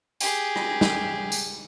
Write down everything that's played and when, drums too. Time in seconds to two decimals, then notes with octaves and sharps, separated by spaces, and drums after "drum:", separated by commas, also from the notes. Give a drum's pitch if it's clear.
0.20 G4 G#4, drum: tambourine
0.56 drum: rim click
0.81 drum: snare
1.32 drum: tambourine